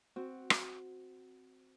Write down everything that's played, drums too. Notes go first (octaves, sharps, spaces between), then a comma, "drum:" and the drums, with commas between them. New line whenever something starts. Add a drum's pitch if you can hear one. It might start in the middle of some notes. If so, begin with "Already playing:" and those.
C4 F#4
drum: rim click